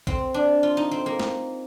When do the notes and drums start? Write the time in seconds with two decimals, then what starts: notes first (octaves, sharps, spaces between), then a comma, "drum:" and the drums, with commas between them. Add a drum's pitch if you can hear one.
0.07 C4, drum: kick
0.34 D4
0.63 F4
0.77 D#4
0.91 C4
1.06 A#3
1.20 drum: snare